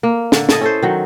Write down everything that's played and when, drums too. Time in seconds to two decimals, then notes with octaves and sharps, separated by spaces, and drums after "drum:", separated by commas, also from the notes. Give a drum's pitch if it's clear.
0.03 A#3
0.32 D3, drum: snare
0.49 E4 A4 D#5, drum: snare
0.61 C#4 A4 C5
0.82 D#3 F#3